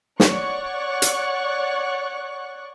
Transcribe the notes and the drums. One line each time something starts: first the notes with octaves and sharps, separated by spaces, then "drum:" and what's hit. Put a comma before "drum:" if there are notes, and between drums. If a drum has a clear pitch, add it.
C#5 D5 F#5 C#6 F#6, drum: snare
drum: hi-hat